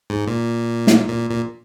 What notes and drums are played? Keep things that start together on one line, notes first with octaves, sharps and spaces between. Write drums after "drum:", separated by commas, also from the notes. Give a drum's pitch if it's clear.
G#2
A#2
drum: snare
A#2
A#2